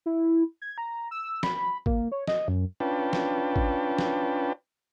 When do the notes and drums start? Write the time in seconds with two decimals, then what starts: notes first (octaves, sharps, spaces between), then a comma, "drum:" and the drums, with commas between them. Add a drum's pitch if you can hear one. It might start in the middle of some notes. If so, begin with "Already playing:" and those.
0.06 E4
0.62 G#6
0.78 A#5
1.11 E6
1.43 B5, drum: snare E3
1.86 A#3, drum: kick
2.12 C#5
2.28 D#5, drum: snare E3
2.48 F#2
2.80 C#4 D4 F4 B4 G5 A5
3.13 drum: snare E3
3.56 drum: kick
3.99 drum: snare E3